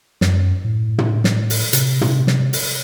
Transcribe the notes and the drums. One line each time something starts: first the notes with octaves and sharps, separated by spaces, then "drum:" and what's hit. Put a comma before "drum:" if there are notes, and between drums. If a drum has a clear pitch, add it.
F#2, drum: snare
A2
drum: tom
drum: snare
drum: open hi-hat
C3, drum: hi-hat
drum: tom
drum: snare
drum: open hi-hat